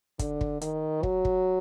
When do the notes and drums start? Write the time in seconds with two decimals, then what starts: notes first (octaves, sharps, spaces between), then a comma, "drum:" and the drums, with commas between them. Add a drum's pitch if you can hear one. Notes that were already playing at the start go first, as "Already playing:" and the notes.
0.19 D3, drum: kick, hi-hat
0.41 drum: kick
0.61 D#3, drum: hi-hat
1.03 F#3, drum: kick
1.25 drum: kick